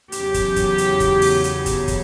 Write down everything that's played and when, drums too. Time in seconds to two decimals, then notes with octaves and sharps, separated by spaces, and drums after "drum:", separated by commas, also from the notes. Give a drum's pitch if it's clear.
0.12 E2 C#3 F#3 C#4 G4, drum: hi-hat
0.34 drum: kick, hi-hat
0.56 drum: kick, hi-hat
0.78 drum: hi-hat
1.00 drum: kick, hi-hat
1.22 drum: open hi-hat
1.44 drum: hi-hat
1.66 drum: kick, hi-hat
1.88 drum: kick, hi-hat